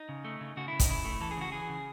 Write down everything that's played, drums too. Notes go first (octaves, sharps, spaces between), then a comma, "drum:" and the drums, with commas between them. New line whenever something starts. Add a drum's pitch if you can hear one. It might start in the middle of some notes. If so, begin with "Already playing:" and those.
Already playing: D#4
C#3
A3
C#3
C#3 F#4
C#3 E4
D#4, drum: kick, hi-hat
C#3 E4
A3
E3 A4
G#4
C#3 F#4
E3 G#4
C#3